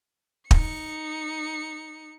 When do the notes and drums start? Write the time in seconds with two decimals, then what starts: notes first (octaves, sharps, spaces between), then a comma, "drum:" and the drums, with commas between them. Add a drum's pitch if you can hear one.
0.51 D#4 C#7, drum: kick